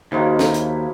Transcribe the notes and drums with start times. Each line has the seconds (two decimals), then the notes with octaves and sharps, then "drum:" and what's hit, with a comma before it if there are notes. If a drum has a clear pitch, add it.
0.12 D#2 F#3 G#3 D#4 E4 C5 F5
0.39 drum: snare
0.54 drum: hi-hat